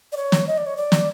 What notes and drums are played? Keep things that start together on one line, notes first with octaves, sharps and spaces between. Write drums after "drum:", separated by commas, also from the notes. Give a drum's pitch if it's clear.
D5
C#5
drum: snare
D#5
D5
C#5
D5
drum: snare